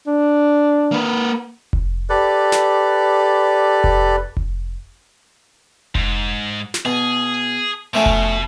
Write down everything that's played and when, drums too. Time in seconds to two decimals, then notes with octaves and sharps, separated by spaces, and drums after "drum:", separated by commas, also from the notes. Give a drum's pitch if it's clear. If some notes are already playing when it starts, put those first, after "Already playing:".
0.06 D4
0.92 A#3 B4
1.73 drum: kick F1
2.10 G4 A4 B4 D5
2.52 drum: snare
3.84 drum: kick F1
4.37 drum: kick F1
5.95 G#2, drum: kick F1
6.74 drum: snare
6.85 B2 G#4
7.94 B2 F3 A3 C#4
8.06 drum: kick F1